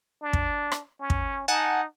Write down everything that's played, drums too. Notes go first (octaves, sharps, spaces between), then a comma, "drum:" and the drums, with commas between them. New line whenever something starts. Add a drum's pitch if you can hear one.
D4
drum: kick
drum: rim click
C#4
drum: kick
D#4 F#5 G#5 A5